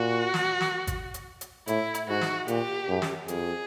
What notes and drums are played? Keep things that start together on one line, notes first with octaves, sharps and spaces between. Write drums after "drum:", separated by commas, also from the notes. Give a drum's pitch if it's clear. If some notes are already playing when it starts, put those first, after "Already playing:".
Already playing: A#2 F#4
drum: snare
drum: snare
drum: kick G#1, hi-hat
drum: hi-hat
drum: hi-hat
A2 E4, drum: hi-hat
drum: hi-hat
G#2 F#4
drum: snare
A#2 G4, drum: hi-hat
F#2
drum: snare
F2 G#4, drum: hi-hat